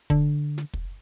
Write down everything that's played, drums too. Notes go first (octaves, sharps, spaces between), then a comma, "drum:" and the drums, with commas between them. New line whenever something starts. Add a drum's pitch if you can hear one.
D3, drum: kick
drum: snare
drum: kick